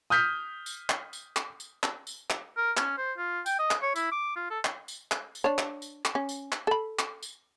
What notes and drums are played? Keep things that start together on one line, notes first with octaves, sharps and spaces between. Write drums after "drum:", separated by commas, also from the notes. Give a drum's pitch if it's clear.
D#6 F6 G6 B6
drum: tambourine
drum: clap
drum: tambourine
drum: clap
drum: tambourine
drum: clap
drum: tambourine
drum: clap
A#4
C#4, drum: clap
C5
F4
G5, drum: tambourine
D#5
drum: clap
C#5
E4, drum: tambourine
D6
F4
A4
drum: clap
drum: tambourine
drum: clap
drum: tambourine
D4 C#5
drum: clap
drum: tambourine
drum: clap
C#4
drum: tambourine
drum: clap
A4 B5
drum: clap
drum: tambourine